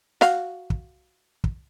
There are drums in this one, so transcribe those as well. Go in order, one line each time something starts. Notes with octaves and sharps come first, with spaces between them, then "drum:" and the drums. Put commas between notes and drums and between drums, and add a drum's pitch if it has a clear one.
F#4 F5, drum: snare
drum: kick
drum: kick